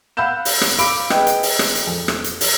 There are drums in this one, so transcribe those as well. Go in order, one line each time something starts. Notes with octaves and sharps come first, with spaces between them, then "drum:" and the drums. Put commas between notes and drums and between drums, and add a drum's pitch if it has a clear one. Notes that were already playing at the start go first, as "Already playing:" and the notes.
F5 F#5 B5 E6 G6 E7
drum: open hi-hat
drum: rim click
F5 B5 D6 E6 D7, drum: hi-hat
G#4 B4 D#5 G5, drum: rim click
drum: hi-hat
drum: open hi-hat
drum: rim click
drum: hi-hat
F2
drum: rim click
drum: hi-hat
drum: open hi-hat